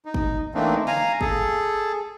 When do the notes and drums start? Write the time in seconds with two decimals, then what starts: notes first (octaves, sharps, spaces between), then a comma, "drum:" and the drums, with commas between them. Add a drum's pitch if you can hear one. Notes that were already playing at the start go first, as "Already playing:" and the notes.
0.05 D#4
0.14 drum: kick
0.54 E3 A3 A#3 C4 D4 D#4
0.87 F5 G#5 A#5, drum: snare
1.21 G#4 A4, drum: kick